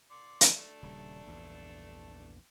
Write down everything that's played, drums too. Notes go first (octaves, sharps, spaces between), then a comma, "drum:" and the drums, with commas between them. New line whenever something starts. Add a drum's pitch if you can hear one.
D5 C6
drum: hi-hat
A3 D4
D#1 C#3 G3
A#1 E2 G2